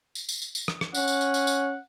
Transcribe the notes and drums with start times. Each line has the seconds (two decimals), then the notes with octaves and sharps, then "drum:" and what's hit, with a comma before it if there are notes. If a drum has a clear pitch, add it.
0.15 drum: tambourine
0.29 drum: tambourine
0.42 drum: tambourine
0.55 drum: tambourine
0.68 drum: rim click
0.81 drum: rim click
0.94 C#4 F#5, drum: tambourine
1.08 drum: tambourine
1.21 drum: tambourine
1.34 drum: tambourine
1.47 drum: tambourine